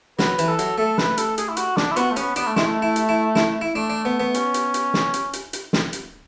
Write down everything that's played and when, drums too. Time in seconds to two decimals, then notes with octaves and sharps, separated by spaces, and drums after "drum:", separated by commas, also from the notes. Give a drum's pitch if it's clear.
0.19 F#3 B4, drum: snare
0.39 E3, drum: hi-hat
0.48 A4
0.59 F#3, drum: hi-hat
0.78 A3 A4
0.98 B4, drum: snare
1.18 A4, drum: hi-hat
1.38 G#4, drum: hi-hat
1.49 E4
1.57 F#4, drum: hi-hat
1.77 D4, drum: snare
1.92 E4
1.96 B3 F#4, drum: hi-hat
2.11 A3
2.16 B3 C#4, drum: hi-hat
2.36 B3 D4, drum: hi-hat
2.47 A3
2.56 G#3 E4, drum: snare
2.66 A3
2.82 E4
2.96 drum: hi-hat
3.09 E4
3.35 E4, drum: snare
3.61 E4
3.75 A3 D4
3.90 D4
4.05 B3
4.20 B3
4.34 C#4, drum: hi-hat
4.54 drum: hi-hat
4.74 drum: hi-hat
4.94 drum: snare
5.14 drum: hi-hat
5.33 drum: hi-hat
5.53 drum: hi-hat
5.73 drum: snare
5.93 drum: hi-hat